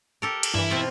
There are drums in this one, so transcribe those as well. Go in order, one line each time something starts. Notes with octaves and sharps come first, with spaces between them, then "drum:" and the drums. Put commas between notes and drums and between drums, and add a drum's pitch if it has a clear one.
G4 A4 A#4
drum: cymbal
G2 E3 E4
B2 C4 F4